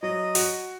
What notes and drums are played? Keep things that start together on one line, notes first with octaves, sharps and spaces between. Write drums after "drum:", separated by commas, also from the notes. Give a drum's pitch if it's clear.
F#3 D#5
F#4, drum: open hi-hat